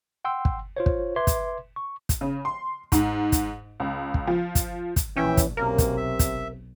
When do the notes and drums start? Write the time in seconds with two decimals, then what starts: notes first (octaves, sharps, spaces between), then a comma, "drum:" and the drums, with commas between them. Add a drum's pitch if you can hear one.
0.25 F#5 G5 C6 E6
0.45 drum: kick
0.77 F4 C5 C#5
0.86 drum: kick
1.16 B4 E5 C6 D6 G#6
1.27 drum: kick, hi-hat
1.76 C#6
2.09 drum: kick, hi-hat
2.21 C#3
2.45 C6
2.92 G#2, drum: kick, hi-hat
3.32 drum: kick, hi-hat
3.80 C#2
4.14 drum: kick
4.27 F3
4.55 drum: kick, hi-hat
4.96 drum: kick, hi-hat
5.16 A#1 E3 C#4 E5 G5
5.37 drum: kick, hi-hat
5.57 B1 F#2 C3 A#3 A#4
5.78 drum: kick, hi-hat
5.97 E5
6.19 drum: kick, hi-hat